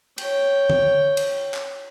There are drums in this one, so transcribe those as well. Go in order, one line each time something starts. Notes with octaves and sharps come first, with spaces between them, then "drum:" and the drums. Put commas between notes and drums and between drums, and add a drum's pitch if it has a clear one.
C#5 G5, drum: cymbal
drum: tom
drum: cymbal
drum: clap